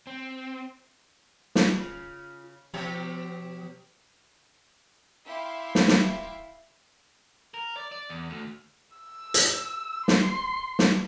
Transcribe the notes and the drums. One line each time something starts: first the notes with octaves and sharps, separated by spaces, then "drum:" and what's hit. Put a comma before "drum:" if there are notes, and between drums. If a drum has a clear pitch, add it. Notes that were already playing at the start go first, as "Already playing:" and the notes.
C4
C#3 F4, drum: snare
B2 F3 G4 C#5
E4 E5 F5 G5 C6 D6
drum: snare
drum: snare
A#4
D5
D5
E2
D2
E6
drum: hi-hat
C6, drum: snare
drum: snare